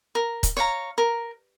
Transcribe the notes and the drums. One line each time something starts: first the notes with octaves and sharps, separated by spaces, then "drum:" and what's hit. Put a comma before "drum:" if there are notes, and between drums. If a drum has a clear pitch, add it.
A#4
drum: kick, hi-hat
C#5 F5 A#5
A#4